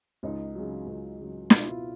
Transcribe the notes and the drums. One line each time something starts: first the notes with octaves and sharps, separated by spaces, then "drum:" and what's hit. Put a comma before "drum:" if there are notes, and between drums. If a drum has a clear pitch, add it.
C#2 D#4
C#3 F#3
C#2
C#3 F#3
B2 F4, drum: snare
E4
F4